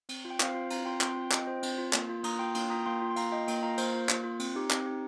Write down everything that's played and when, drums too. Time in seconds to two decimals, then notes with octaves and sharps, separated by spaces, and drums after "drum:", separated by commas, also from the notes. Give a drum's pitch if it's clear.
0.09 C4, drum: cymbal
0.25 F4
0.30 G5
0.40 C4 C5 F5, drum: clap
0.54 F4
0.70 C4 F5 A#5, drum: cymbal
0.85 F4 G5 C6
1.01 C4 G5 C6, drum: clap
1.17 F4
1.31 C4 D#5 G5, drum: clap
1.47 F4 C5
1.63 C4, drum: cymbal
1.78 F4
1.93 A#3, drum: clap
2.09 F4
2.24 A#3 A#5 D#6, drum: cymbal
2.39 F4 G5 C6
2.55 A#3 G5 C6, drum: cymbal
2.70 F4 A#5 D#6
2.86 A#3 G5 C6
3.02 F4
3.11 C6
3.16 A#3 F5 A#5, drum: cymbal
3.32 F4 D#5 G5
3.48 A#3 D#5 G5, drum: cymbal
3.63 F4 F5 A#5
3.78 A#3 C5 F5, drum: cymbal
3.94 F4
4.09 A#3, drum: clap
4.24 F4
4.40 C4, drum: cymbal
4.55 D#4 G4
4.70 C4, drum: clap
4.86 D#4 G4